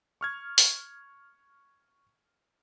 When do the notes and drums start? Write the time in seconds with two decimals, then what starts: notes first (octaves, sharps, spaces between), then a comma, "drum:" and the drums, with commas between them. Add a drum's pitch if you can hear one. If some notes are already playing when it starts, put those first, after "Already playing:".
0.21 C#6 F6 G#6
0.58 drum: open hi-hat